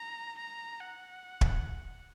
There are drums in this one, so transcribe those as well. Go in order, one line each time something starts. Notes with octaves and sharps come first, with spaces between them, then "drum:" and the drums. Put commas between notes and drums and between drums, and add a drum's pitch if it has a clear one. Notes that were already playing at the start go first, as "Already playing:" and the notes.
Already playing: A#5
A#5
F#5
drum: kick